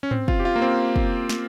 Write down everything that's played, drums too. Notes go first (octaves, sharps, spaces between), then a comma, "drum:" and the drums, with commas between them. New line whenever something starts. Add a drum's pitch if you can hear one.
C#4
C4, drum: tom G#2
F4, drum: kick
G4
F4
A#3
C4
drum: kick
drum: snare